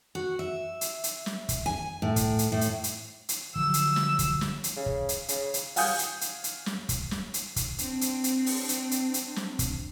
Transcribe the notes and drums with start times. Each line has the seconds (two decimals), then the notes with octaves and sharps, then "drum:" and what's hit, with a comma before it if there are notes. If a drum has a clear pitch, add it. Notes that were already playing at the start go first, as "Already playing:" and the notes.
0.15 F#4
0.39 E5
0.81 drum: hi-hat
1.04 drum: hi-hat
1.26 drum: snare
1.49 drum: kick, hi-hat
1.66 G#5
2.02 A2
2.16 drum: kick, hi-hat
2.39 drum: hi-hat
2.52 A2
2.61 drum: hi-hat
2.84 drum: hi-hat
3.29 drum: hi-hat
3.56 D3 F3 F#3 E6
3.74 drum: hi-hat
3.96 drum: snare
4.19 drum: kick, hi-hat
4.41 drum: snare
4.64 drum: hi-hat
4.76 C#3
4.86 drum: kick
5.09 drum: hi-hat
5.28 C#3, drum: hi-hat
5.54 drum: hi-hat
5.76 F5 F#5 G#5 D#6 G6, drum: open hi-hat
5.99 drum: hi-hat
6.21 drum: hi-hat
6.44 drum: hi-hat
6.66 drum: snare
6.89 drum: kick, hi-hat
7.11 drum: snare
7.34 drum: hi-hat
7.56 drum: kick, hi-hat
7.78 C4 D4, drum: hi-hat
8.01 drum: hi-hat
8.24 drum: hi-hat
8.46 drum: open hi-hat
8.69 drum: hi-hat
8.91 drum: hi-hat
9.14 drum: hi-hat
9.36 drum: snare
9.59 drum: kick, hi-hat